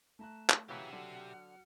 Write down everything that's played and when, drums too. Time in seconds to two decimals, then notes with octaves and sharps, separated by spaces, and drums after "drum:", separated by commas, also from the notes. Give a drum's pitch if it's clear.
0.19 A3 A5 A#5 F#6
0.50 drum: clap
0.69 C#3 E3 F#3 G4 E5 F#5 F6
0.93 D3 F#3